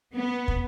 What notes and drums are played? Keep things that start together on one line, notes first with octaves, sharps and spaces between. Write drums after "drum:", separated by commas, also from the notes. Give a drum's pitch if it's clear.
B3
drum: kick